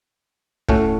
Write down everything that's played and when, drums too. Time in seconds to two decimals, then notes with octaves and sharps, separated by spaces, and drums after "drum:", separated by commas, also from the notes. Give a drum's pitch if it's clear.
0.69 A2 A3 C#4 F#4, drum: kick